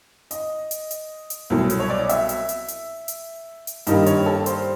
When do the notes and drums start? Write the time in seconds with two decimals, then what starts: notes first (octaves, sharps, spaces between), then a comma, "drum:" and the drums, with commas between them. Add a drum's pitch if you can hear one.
0.31 D#5, drum: hi-hat
0.71 drum: hi-hat
0.91 drum: hi-hat
1.30 drum: hi-hat
1.50 C2 B2 F#3 A3
1.70 drum: hi-hat
1.80 C#5
1.90 D5
1.99 D#5
2.09 E5, drum: hi-hat
2.29 drum: hi-hat
2.49 drum: hi-hat
2.68 drum: hi-hat
3.08 drum: hi-hat
3.67 drum: hi-hat
3.87 G2 D#3 G3 A#3 D#5, drum: hi-hat
4.06 C#5, drum: hi-hat
4.26 A4
4.46 C5, drum: hi-hat